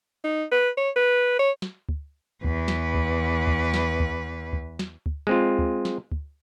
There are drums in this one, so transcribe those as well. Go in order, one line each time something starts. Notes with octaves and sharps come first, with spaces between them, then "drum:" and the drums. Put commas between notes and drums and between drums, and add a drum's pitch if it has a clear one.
D#4
B4
C#5
B4
C#5
drum: snare
drum: kick D2
E2 B4, drum: kick D2
drum: snare
drum: kick D2
drum: kick D2
drum: snare
drum: kick D2
drum: kick D2
drum: snare
drum: kick D2
G#3 C4 F4
drum: kick D2
drum: snare
drum: kick D2